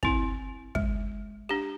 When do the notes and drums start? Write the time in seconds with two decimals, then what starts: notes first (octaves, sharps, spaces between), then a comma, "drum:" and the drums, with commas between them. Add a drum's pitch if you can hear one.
0.03 C4 E4, drum: kick
0.75 G#3, drum: kick
1.49 D4 G4